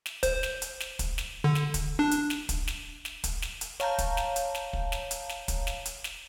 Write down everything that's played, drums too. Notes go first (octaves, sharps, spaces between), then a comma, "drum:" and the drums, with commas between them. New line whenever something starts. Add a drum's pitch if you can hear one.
drum: snare
C5, drum: kick, hi-hat
drum: snare
drum: hi-hat
drum: snare
drum: kick, hi-hat
drum: snare
D3
drum: snare
drum: kick, hi-hat
D4
drum: hi-hat
drum: snare
drum: kick, hi-hat
drum: snare
drum: snare
drum: kick, hi-hat
drum: snare
drum: hi-hat
C#5 F5 A5 A#5 G6, drum: snare
drum: kick, hi-hat
drum: snare
drum: hi-hat
drum: snare
drum: kick
drum: snare
drum: hi-hat
drum: snare
drum: kick, hi-hat
drum: snare
drum: hi-hat
drum: snare